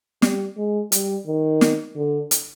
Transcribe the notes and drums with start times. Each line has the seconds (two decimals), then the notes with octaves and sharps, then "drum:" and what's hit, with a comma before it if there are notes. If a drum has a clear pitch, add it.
0.22 G3, drum: snare
0.57 G#3
0.92 G3, drum: hi-hat
1.27 D#3
1.61 drum: snare
1.96 D3
2.31 drum: hi-hat